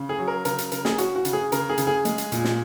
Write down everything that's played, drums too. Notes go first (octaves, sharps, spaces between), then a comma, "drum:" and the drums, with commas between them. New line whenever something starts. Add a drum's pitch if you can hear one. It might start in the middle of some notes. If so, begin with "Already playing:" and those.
Already playing: C#3
G#4
F#3
A#4
C#3 A#4, drum: hi-hat
drum: hi-hat
C#3 A#4, drum: hi-hat
G#4, drum: snare
C#4 F#4, drum: hi-hat
F#4
C#3, drum: hi-hat
G#4
C#3 A#4, drum: hi-hat
G#4
C#3, drum: hi-hat
G#4
G#3, drum: hi-hat
drum: hi-hat
A#2, drum: hi-hat
drum: snare